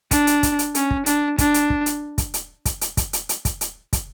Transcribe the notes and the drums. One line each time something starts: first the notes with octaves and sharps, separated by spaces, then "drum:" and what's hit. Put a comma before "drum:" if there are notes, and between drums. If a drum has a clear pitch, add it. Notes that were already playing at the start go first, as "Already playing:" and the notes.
D4, drum: kick, hi-hat
drum: hi-hat
drum: kick, hi-hat
drum: hi-hat
C#4, drum: hi-hat
drum: kick
D4, drum: hi-hat
D4, drum: kick, hi-hat
drum: hi-hat
drum: kick
drum: hi-hat
drum: kick, hi-hat
drum: hi-hat
drum: kick, hi-hat
drum: hi-hat
drum: kick, hi-hat
drum: hi-hat
drum: hi-hat
drum: kick, hi-hat
drum: hi-hat
drum: kick, hi-hat